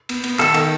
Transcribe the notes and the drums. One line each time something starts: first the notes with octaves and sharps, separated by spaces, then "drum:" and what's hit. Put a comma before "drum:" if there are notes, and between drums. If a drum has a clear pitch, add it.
B3, drum: cymbal
B3, drum: cymbal
D#3 A4, drum: clap
D#3, drum: cymbal